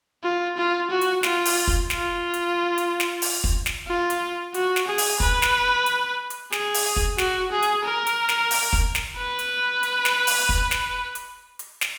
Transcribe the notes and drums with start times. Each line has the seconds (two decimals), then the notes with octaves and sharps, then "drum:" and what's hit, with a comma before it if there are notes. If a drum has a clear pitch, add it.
0.24 F4
0.57 F4
0.91 F#4
1.01 drum: hi-hat
1.23 F4, drum: snare
1.45 drum: open hi-hat
1.67 drum: kick
1.90 F4, drum: snare
2.34 drum: hi-hat
2.78 drum: hi-hat
3.00 drum: snare
3.22 drum: open hi-hat
3.44 drum: kick
3.66 drum: snare
3.88 F4
4.10 drum: hi-hat
4.54 F#4, drum: hi-hat
4.76 drum: snare
4.87 G#4
4.98 drum: open hi-hat
5.20 B4, drum: kick
5.42 drum: snare
5.86 drum: hi-hat
6.30 drum: hi-hat
6.52 G#4, drum: snare
6.74 drum: open hi-hat
6.96 drum: kick
7.18 F#4, drum: snare
7.52 G#4
7.63 drum: hi-hat
7.85 A#4
8.07 drum: hi-hat
8.29 drum: snare
8.51 drum: open hi-hat
8.73 drum: kick
8.95 drum: snare
9.17 B4
9.39 drum: hi-hat
9.83 drum: hi-hat
10.05 drum: snare
10.27 drum: open hi-hat
10.49 drum: kick
10.71 drum: snare
11.15 drum: hi-hat
11.59 drum: hi-hat
11.81 drum: snare